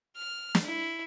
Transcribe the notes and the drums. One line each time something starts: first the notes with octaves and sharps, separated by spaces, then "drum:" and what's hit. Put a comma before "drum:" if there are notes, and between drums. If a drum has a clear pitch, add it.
F6
drum: snare
E4